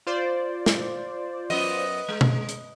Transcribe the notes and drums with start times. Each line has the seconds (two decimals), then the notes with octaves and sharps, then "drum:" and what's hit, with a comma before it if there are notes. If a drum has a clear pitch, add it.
0.07 F4 C5 D5
0.66 drum: snare
1.50 F#2 B3 D#5, drum: open hi-hat
2.09 G#3
2.21 drum: tom B2
2.49 drum: hi-hat